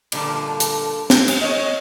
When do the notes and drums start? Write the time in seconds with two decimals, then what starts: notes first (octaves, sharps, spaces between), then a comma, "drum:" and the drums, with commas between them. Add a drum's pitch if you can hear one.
0.12 G2 A#2 D3 F3, drum: cymbal
0.60 drum: hi-hat
1.10 drum: snare
1.28 drum: cymbal
1.41 C#5 D#5